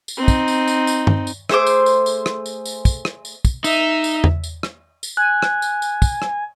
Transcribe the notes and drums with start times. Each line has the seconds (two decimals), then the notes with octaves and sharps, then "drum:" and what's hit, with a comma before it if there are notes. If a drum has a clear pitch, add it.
0.08 drum: tambourine
0.18 C4 D#4
0.28 drum: kick, tambourine
0.48 drum: tambourine
0.68 drum: tambourine
0.87 drum: tambourine
1.07 drum: tom G2
1.27 drum: tambourine
1.49 A3 G#4 C5 D6, drum: rim click
1.66 drum: tambourine
1.86 drum: tambourine
2.06 drum: tambourine
2.26 drum: rim click
2.46 drum: tambourine
2.65 drum: tambourine
2.85 drum: kick, tambourine
3.05 drum: rim click
3.25 drum: tambourine
3.45 drum: kick, tambourine
3.64 D#4 E5, drum: tambourine
4.04 drum: tambourine
4.24 drum: tom E2
4.44 drum: tambourine
4.63 drum: rim click
5.03 drum: tambourine
5.17 G#5 F#6
5.42 drum: rim click
5.62 drum: tambourine
5.82 drum: tambourine
6.02 drum: kick, tambourine
6.22 drum: rim click